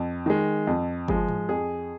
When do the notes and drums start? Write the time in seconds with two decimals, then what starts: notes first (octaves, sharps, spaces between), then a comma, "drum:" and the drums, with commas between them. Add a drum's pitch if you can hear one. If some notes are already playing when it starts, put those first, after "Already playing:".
Already playing: F2
0.26 D#3 G#3
0.67 F2
1.08 F3 G#3, drum: kick G1
1.28 drum: tom G#2
1.49 F2 G#4